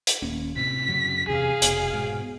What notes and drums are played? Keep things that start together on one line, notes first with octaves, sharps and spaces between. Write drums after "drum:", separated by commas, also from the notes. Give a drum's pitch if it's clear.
drum: hi-hat
D#1 A#3 C#4
A2 C3 B6
F#2 C#3 F#3
E2 C3 G#4 F5
F1 B2, drum: hi-hat
G#2 B2